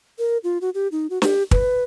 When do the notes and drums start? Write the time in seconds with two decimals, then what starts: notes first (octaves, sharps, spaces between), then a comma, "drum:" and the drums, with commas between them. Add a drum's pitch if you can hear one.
0.19 A#4
0.44 F4
0.61 F#4
0.75 G4
0.92 D#4
1.10 F#4
1.22 G4, drum: snare
1.51 B4, drum: kick